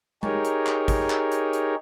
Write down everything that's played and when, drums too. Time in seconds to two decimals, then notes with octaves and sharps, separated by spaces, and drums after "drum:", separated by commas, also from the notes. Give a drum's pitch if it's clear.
0.23 D#4 G4 G#4 A#4 C#5, drum: tom G#3
0.45 drum: hi-hat
0.66 drum: clap
0.88 drum: kick G#1, hi-hat
1.10 drum: clap
1.32 drum: hi-hat
1.53 drum: hi-hat